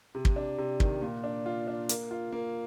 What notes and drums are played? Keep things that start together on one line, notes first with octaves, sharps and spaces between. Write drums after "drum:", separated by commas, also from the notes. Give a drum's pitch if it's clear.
C3
drum: kick
D4
C3
D#3, drum: kick
A#2
D4
F4
D4
A#3, drum: hi-hat
F4
A#3